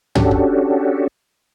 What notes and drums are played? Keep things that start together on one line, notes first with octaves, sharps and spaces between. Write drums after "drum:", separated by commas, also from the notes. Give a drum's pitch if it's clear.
C#4 D4 F#4 G4 A4, drum: tom
drum: kick